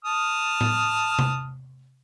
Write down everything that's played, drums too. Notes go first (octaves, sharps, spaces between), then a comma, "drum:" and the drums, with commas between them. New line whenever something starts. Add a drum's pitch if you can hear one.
A5 D#6 F6
drum: tom A2
drum: tom C3